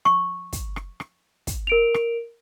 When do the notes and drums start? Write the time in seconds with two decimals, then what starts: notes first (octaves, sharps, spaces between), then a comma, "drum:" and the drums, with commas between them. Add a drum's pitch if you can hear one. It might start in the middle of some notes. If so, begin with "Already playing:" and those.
0.05 C#6, drum: rim click
0.53 drum: kick, hi-hat
0.76 drum: rim click
1.00 drum: rim click
1.47 drum: kick, hi-hat
1.67 A#4 D7 F7
1.94 drum: rim click